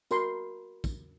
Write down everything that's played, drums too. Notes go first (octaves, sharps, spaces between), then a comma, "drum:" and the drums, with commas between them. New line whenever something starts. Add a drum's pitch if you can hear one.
F#4 A#4 B5 C6, drum: tambourine
drum: kick, tambourine